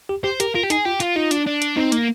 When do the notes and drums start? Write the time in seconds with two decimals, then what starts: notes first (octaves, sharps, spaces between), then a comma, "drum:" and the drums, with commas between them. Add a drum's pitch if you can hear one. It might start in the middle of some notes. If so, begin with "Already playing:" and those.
0.09 G4
0.24 G4 C5
0.40 G4 A#4, drum: hi-hat
0.55 F4 A#4
0.63 G4
0.70 D#4 G#4, drum: hi-hat
0.85 F4 G4
1.00 F4, drum: hi-hat
1.16 D#4 F4
1.31 D4, drum: hi-hat
1.47 D4
1.62 drum: hi-hat
1.77 C4 D#4
1.92 A#3, drum: hi-hat